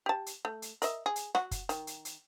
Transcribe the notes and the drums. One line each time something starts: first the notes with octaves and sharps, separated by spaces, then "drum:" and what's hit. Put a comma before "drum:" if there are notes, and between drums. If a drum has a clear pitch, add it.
G4 A5
drum: hi-hat
A3
drum: hi-hat
A#4 D#5 E5, drum: hi-hat
G#4
drum: hi-hat
F#4, drum: rim click
drum: kick, hi-hat
D#3, drum: hi-hat
drum: hi-hat
drum: hi-hat